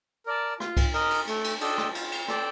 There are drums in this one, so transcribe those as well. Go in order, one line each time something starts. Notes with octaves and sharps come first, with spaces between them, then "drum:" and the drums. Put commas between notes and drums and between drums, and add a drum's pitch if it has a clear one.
A#4 D5 A5
F4, drum: rim click
drum: kick C2, cymbal
A#4 D#5, drum: cymbal
drum: cymbal
A3, drum: cymbal
drum: cymbal
D4 A4 D#5 G5, drum: cymbal
drum: rim click
F4, drum: cymbal
drum: cymbal
A4 D5 G5, drum: rim click